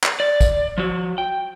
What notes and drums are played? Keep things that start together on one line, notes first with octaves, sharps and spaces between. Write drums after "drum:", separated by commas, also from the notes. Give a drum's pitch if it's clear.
drum: clap
D5
drum: kick, tambourine
F3 F#4
G5